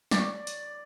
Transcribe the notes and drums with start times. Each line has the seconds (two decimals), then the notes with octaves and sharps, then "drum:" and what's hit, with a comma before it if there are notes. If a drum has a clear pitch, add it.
0.11 D5, drum: snare
0.47 drum: hi-hat